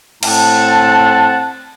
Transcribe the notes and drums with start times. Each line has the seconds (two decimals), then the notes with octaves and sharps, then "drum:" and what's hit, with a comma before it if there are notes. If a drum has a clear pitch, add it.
0.23 A2 C4 F#5 A5, drum: cymbal